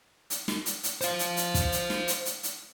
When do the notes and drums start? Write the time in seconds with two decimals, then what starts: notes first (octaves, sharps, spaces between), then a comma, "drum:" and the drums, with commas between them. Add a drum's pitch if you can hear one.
0.30 drum: hi-hat
0.48 drum: snare
0.66 drum: hi-hat
0.83 drum: hi-hat
1.01 C5 F5, drum: hi-hat
1.19 drum: hi-hat
1.37 drum: hi-hat
1.54 drum: kick, hi-hat
1.72 drum: hi-hat
1.90 drum: snare
2.08 drum: hi-hat
2.25 drum: hi-hat
2.43 drum: hi-hat